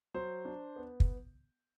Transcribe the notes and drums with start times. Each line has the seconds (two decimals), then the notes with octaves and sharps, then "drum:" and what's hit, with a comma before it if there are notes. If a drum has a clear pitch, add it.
0.14 F#3 C5
0.45 D4
0.76 B3
1.00 drum: kick